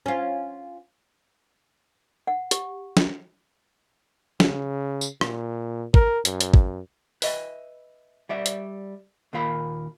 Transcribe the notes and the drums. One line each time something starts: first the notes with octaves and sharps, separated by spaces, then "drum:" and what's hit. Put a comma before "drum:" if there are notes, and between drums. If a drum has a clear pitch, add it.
C#4 F4
F#5
G4, drum: hi-hat
drum: snare
C#3, drum: snare
drum: tambourine
A#2, drum: rim click
A#4, drum: kick
F#2, drum: hi-hat
drum: hi-hat
drum: kick
B4 D#5 E5, drum: open hi-hat
G3 D5 E5
drum: hi-hat
D#2 A#2 F4 A#4 F5 B5